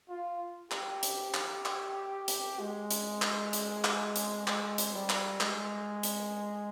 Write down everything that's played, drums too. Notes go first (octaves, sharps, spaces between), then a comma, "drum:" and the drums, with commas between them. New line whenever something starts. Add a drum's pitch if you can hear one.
F4
G4, drum: clap
drum: hi-hat
drum: clap
drum: clap
drum: hi-hat
G#3
drum: hi-hat
drum: clap
drum: hi-hat
drum: clap
drum: hi-hat
G#3, drum: clap
drum: hi-hat
G3
drum: clap
G#3, drum: clap
drum: hi-hat